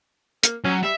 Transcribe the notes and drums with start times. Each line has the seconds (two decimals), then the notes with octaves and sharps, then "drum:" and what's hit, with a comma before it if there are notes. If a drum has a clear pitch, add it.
0.43 A#3, drum: hi-hat
0.64 F#3 C#4
0.83 G3 E5